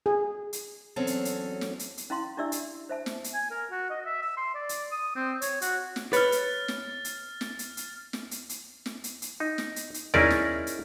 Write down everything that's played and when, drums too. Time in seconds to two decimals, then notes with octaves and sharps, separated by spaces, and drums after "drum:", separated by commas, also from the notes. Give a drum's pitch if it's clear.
0.06 G#4
0.53 drum: hi-hat
0.96 E2 F#3 C4 C#4 A4
1.07 drum: hi-hat
1.25 drum: hi-hat
1.61 drum: snare
1.79 drum: hi-hat
1.97 drum: hi-hat
2.10 C#4 E4 F5 C6
2.37 D4 E4 G4 D5 E5 E6
2.52 drum: hi-hat
2.89 C5 E5 A5
3.06 drum: snare
3.24 drum: hi-hat
3.34 G#5
3.51 A#4
3.71 F#4
3.90 D#5
4.05 E5
4.22 E6
4.37 C6
4.55 D5
4.69 drum: hi-hat
4.92 D#6
5.16 C4
5.42 C#5, drum: hi-hat
5.62 F#4, drum: hi-hat
5.96 drum: snare
6.13 B4 C#5 F6 A6, drum: hi-hat
6.32 drum: hi-hat
6.68 drum: snare
7.05 drum: hi-hat
7.41 drum: snare
7.59 drum: hi-hat
7.77 drum: hi-hat
8.13 drum: snare
8.31 drum: hi-hat
8.49 drum: hi-hat
8.86 drum: snare
9.04 drum: hi-hat
9.22 drum: hi-hat
9.40 D#4
9.58 drum: snare
9.76 drum: hi-hat
9.94 drum: hi-hat
10.14 C#4 D#4 E4 G#4 A#4 D5, drum: tom D#2
10.30 drum: snare
10.67 drum: hi-hat